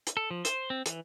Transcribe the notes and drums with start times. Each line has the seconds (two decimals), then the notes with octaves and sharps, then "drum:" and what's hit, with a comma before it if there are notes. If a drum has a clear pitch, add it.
0.07 drum: hi-hat
0.17 A4
0.31 F3
0.45 C5, drum: hi-hat
0.70 C4
0.86 E3, drum: hi-hat